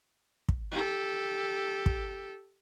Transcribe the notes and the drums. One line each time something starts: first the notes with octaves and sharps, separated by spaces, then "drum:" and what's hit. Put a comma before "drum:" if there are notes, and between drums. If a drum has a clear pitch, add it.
drum: kick
G4 A4
drum: kick